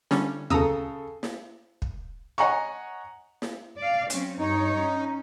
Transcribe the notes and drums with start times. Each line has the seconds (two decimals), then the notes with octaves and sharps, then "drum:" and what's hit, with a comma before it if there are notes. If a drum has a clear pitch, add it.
0.11 D3 G3 C#4, drum: snare
0.50 C#3 A4 A#5 D#6 E6, drum: tom D2
1.23 drum: snare
1.82 drum: kick
2.38 C#5 D#5 F#5 G#5 A#5 C#6
3.42 drum: snare
3.78 D5 F5
4.10 F#3 C4 C#4, drum: hi-hat
4.39 G2 D#4 C#5
4.76 C#4